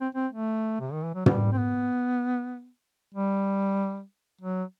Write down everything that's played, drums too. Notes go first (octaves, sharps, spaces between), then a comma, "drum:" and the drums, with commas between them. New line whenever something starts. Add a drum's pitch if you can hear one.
C4
C4
A3
C3
D#3
E3
F#3
G3, drum: tom
C4
B3
G3
F#3